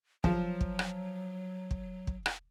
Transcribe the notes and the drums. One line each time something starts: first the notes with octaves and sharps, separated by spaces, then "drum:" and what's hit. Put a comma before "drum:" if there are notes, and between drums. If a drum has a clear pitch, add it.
F3 F#3, drum: kick
drum: kick
drum: rim click
drum: kick
drum: kick
drum: rim click